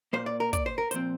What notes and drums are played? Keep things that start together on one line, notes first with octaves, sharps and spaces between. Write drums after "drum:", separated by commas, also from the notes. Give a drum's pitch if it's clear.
A#2 A#3 C5
D5
A#4
D5, drum: kick, hi-hat
C5
A#4
A#2 F3 C4 C5, drum: hi-hat